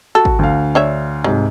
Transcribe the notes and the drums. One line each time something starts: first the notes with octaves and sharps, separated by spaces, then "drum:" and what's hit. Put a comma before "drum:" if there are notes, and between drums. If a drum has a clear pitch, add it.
F#4 A4
drum: kick G#1
D2 F5
D4 C#5 E5
C2 G#2 C3 F#3